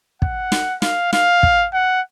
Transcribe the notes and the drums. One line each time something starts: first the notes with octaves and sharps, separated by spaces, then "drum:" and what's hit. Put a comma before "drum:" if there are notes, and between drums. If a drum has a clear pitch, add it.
F#5, drum: kick
drum: snare
F5, drum: snare
F5, drum: snare
drum: kick
F#5